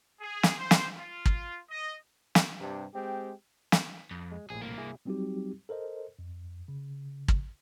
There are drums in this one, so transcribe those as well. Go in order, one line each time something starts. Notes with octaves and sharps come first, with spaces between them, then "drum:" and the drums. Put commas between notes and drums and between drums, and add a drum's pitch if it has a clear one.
G#4
drum: snare
C5
drum: snare
F4
drum: kick
D#5
drum: snare
G2 C3 D4
G#3 C4 G4
drum: snare
F2
G#3
A#1 A2 G#4
C2 A#3
E4 G#4
F#3 G3 C4 D#4 F#4 G4
A4 A#4 C5 D#5
F2
C#3
drum: kick